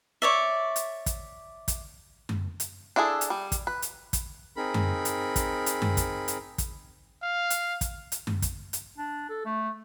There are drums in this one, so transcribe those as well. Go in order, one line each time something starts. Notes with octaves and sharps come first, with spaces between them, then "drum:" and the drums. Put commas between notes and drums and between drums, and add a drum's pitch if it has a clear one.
C#5 D5 E5
drum: hi-hat
drum: kick, hi-hat
drum: kick, hi-hat
drum: tom F#2
drum: hi-hat
D4 E4 F4 G#4 A4
drum: hi-hat
G3
drum: kick, hi-hat
B4
drum: hi-hat
drum: kick, hi-hat
C4 D#4 G#4 A#4 B5
drum: tom F#2
drum: hi-hat
drum: kick, hi-hat
drum: hi-hat
drum: tom F#2
drum: kick, hi-hat
drum: hi-hat
drum: kick, hi-hat
F5
drum: hi-hat
drum: kick, hi-hat
drum: hi-hat
drum: tom F#2
drum: kick, hi-hat
drum: hi-hat
D4
A4
A3